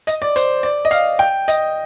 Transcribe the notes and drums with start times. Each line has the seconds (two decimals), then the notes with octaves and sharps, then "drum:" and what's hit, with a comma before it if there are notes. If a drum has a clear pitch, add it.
0.07 D#5, drum: hi-hat
0.22 D5
0.36 C5, drum: hi-hat
0.63 D5
0.85 D#5
0.91 F5, drum: hi-hat
1.19 G5
1.48 D#5, drum: hi-hat